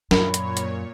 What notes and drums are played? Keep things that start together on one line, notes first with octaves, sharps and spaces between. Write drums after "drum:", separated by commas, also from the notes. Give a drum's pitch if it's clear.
F#2 A#2 A#4 C#5 B5, drum: snare
drum: hi-hat
drum: hi-hat